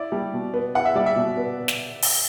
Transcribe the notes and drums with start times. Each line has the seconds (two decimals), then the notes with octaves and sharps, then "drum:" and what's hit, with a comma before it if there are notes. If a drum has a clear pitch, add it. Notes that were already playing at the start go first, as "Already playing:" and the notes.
Already playing: E4 D5
0.12 G3
0.33 B2
0.54 B3
0.75 E4 F#5
0.85 E5
0.95 G3 D5
1.06 E5
1.16 B2
1.37 B3
1.68 drum: snare
2.02 drum: open hi-hat